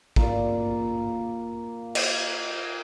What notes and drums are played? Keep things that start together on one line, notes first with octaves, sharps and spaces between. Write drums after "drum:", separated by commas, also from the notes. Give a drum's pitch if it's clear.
A#3 F4 D5, drum: kick
drum: cymbal